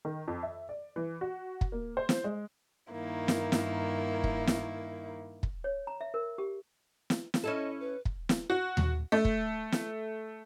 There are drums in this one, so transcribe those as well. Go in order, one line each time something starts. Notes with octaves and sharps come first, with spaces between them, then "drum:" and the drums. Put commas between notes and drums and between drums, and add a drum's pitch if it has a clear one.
D#3
F2
E5
D5
E3
F#4
drum: kick
A#3
C5
drum: snare
G#3
G2 D#3 A#3 E4
drum: snare
drum: snare
drum: kick
drum: snare
drum: kick
C#5
A#5
E5
A#4
G4
drum: snare
drum: snare
C#4 E4 A4 D#5
B4
drum: kick
drum: snare
F#4
drum: tom D#2
A3
drum: kick
drum: snare